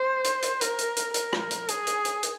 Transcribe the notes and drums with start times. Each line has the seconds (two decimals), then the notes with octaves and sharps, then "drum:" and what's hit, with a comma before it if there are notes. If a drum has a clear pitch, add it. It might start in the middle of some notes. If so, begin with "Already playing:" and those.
Already playing: C5
0.24 drum: hi-hat
0.42 drum: hi-hat
0.61 A#4, drum: hi-hat
0.78 drum: hi-hat
0.97 drum: hi-hat
1.14 A#4, drum: hi-hat
1.33 drum: rim click
1.51 drum: hi-hat
1.68 G#4, drum: hi-hat
1.87 drum: hi-hat
2.05 drum: hi-hat
2.23 drum: hi-hat